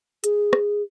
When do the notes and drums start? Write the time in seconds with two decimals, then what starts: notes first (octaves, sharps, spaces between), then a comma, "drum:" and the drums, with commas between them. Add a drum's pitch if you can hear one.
0.24 G#4, drum: hi-hat
0.53 drum: rim click